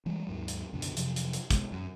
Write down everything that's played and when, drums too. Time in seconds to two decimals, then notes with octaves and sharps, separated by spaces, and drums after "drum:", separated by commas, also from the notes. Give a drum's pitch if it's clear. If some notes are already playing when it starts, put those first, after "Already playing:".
0.06 E3 G3 G#3
0.27 D#2 G#2 F#3
0.48 drum: hi-hat
0.73 C#2 F#2 B2 D3
0.82 drum: hi-hat
0.97 F2 C3 F3 F#3, drum: hi-hat
1.16 drum: hi-hat
1.33 drum: hi-hat
1.50 G#1 D#2 B2 G#3, drum: kick, hi-hat
1.72 F#2